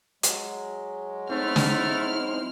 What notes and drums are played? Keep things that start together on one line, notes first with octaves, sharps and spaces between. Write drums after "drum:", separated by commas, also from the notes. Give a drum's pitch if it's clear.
F#3 G#3, drum: hi-hat
A3 C4 D#4 E4 C5 F6
drum: snare